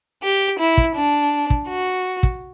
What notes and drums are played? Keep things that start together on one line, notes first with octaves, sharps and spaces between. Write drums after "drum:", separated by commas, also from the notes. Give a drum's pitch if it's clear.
G4
E4
drum: kick
D4
drum: kick
F#4
drum: kick